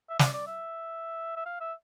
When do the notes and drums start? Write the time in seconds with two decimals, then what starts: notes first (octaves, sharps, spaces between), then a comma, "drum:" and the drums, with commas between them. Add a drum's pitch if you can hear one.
0.09 E5
0.19 D5, drum: snare
0.33 D5
0.47 E5
1.36 E5
1.46 F5
1.60 E5